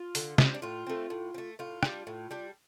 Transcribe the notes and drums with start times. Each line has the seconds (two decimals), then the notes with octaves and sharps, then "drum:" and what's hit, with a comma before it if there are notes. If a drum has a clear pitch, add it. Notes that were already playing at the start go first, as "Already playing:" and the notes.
Already playing: F4
0.15 D3, drum: open hi-hat
0.38 G3 C4, drum: snare
0.54 D4
0.62 A2 F4
0.87 A3 C4
1.10 A2
1.34 C4
1.38 A3
1.59 A2 F4
1.83 G3 D4, drum: rim click
2.07 A2
2.31 G3 D4